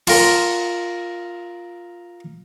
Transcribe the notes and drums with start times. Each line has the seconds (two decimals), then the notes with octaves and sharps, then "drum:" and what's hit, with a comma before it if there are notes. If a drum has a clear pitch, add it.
0.07 F4 A#4, drum: cymbal